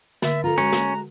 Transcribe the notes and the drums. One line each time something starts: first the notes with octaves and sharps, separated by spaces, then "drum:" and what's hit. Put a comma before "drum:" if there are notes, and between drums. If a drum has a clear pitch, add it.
D3 E5, drum: snare
F4 A4 A#5
G#3 C#4 F#4
drum: snare